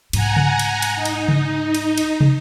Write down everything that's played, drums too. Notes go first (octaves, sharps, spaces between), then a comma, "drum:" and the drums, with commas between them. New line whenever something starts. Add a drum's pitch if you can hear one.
C2 G#2 F#5 G#5 A#5, drum: cymbal
drum: tom C#3
drum: cymbal
drum: cymbal
D#4
drum: cymbal
drum: tom C#3
drum: cymbal
drum: cymbal
drum: tom